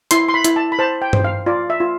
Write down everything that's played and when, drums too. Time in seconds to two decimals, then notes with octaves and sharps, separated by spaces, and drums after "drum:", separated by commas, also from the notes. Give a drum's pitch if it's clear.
0.11 E4 C6, drum: hi-hat
0.29 C6
0.34 B5
0.44 E4, drum: hi-hat
0.56 A5
0.72 B5
0.79 C5 A5
1.02 G5
1.13 C5, drum: tom G2
1.24 F5
1.46 F4 D5
1.70 E5
1.80 F4